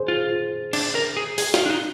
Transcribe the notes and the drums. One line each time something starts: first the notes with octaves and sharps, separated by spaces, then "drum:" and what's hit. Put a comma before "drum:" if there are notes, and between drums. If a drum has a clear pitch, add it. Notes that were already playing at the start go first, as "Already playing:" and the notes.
Already playing: G#4 C5
F4
D4, drum: cymbal
A#4
G#4
G#4, drum: open hi-hat
F4, drum: snare
D4
D#4